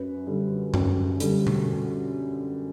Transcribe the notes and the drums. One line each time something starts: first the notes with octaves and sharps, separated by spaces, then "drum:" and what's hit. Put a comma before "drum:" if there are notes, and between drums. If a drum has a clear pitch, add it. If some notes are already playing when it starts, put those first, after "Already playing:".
Already playing: F#2 B4
D3 G3
F#2, drum: tom F#2
D3 G3, drum: hi-hat
drum: tom B2